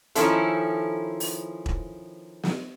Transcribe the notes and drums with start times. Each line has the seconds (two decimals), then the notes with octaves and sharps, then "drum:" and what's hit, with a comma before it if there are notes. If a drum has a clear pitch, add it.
0.15 D#3 F3 C#4 E4 A4, drum: hi-hat
1.20 drum: open hi-hat
1.66 drum: kick E1
2.44 drum: snare